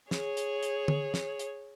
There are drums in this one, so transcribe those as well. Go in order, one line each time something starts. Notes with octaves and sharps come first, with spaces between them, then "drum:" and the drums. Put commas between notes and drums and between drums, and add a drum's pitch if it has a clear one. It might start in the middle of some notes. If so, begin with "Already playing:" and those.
G#4 C#5, drum: snare
drum: hi-hat
drum: hi-hat
drum: tom D3
drum: snare
drum: hi-hat